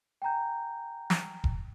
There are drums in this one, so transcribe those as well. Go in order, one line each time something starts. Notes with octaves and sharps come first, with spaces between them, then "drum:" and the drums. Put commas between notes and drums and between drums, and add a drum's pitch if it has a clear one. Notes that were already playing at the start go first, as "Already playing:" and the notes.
G5 G#5 A#5 G6
drum: snare
drum: kick E1